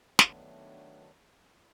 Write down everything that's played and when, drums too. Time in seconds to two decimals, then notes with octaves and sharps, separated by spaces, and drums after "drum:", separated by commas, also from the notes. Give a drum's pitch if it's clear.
0.19 D#3 F#3 A3 B3 D4, drum: snare